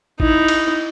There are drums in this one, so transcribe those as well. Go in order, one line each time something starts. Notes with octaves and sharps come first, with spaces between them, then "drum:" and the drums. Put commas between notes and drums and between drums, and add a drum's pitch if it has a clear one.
D#4 E4, drum: kick
drum: cymbal